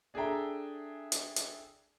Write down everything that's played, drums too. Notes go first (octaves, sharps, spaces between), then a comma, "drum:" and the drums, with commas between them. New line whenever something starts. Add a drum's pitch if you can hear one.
D4 G#4 A4 E5 G5 A#5
drum: hi-hat
drum: hi-hat